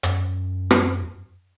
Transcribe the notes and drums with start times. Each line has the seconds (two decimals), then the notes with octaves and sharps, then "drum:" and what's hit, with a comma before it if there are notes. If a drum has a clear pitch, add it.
0.03 F#2, drum: hi-hat
0.71 drum: rim click